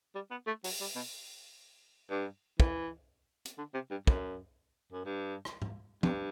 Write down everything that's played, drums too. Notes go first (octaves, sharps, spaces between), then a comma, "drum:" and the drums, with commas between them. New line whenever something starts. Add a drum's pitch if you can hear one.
G3
B3
A3
F#3, drum: open hi-hat
G3
B2
G2
E3, drum: kick
drum: hi-hat
D3
C3
G2
F#2, drum: kick
F#2
G2
drum: rim click
drum: tom G#2
G2, drum: tom